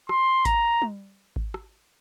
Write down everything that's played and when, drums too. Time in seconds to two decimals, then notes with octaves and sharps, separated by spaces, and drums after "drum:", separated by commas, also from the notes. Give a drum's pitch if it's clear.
0.09 C6, drum: rim click
0.45 A#5, drum: kick G#1, hi-hat
0.82 drum: tom G3
1.36 drum: kick G#1
1.54 drum: rim click